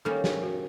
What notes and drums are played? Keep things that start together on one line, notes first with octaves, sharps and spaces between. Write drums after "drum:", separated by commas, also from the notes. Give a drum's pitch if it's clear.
D#3 G3 A#3 C#4 A4
G#4, drum: snare
F#4